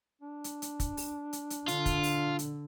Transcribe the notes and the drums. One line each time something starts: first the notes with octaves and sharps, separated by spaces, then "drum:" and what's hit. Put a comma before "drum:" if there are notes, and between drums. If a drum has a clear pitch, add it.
D4
drum: hi-hat
drum: hi-hat
drum: kick, hi-hat
drum: open hi-hat
drum: hi-hat
drum: hi-hat
D3 F4, drum: hi-hat
drum: kick, hi-hat
drum: open hi-hat
drum: hi-hat